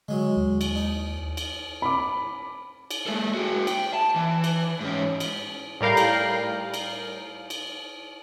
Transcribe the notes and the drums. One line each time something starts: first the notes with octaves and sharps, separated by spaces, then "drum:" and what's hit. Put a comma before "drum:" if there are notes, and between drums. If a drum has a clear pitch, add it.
D3 F#3 G#3
D#2
drum: cymbal
D#4
drum: cymbal
B5 D6
drum: cymbal
G#3 A4
F#4 G#4
G5, drum: cymbal
A5
E3
drum: cymbal
G#2 C#4
drum: cymbal
A2 G3 A#4 F5 G6
drum: cymbal
drum: cymbal
drum: cymbal